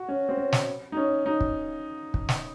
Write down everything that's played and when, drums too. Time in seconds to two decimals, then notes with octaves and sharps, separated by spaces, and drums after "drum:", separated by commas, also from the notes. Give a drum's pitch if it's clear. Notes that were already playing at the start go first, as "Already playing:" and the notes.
Already playing: F#4
0.08 C#4
0.29 C4
0.37 C#4
0.52 drum: snare
0.92 D#4
0.97 C#4
1.26 D#4
1.41 drum: kick
2.14 drum: kick
2.29 drum: snare